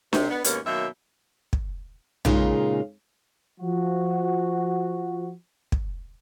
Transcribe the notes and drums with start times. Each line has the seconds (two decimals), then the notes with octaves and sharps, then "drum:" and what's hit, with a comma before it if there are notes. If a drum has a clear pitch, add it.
0.13 C3, drum: snare D4
0.30 B3
0.44 D#2 G#2 A#3 B3 C#4, drum: hi-hat
0.66 F#2 B2 D#3 F#3 A#3 E5
1.53 drum: kick
2.25 A#2 C#3 G#3 D#4 F4, drum: tom
3.60 F3 F#4
5.72 drum: kick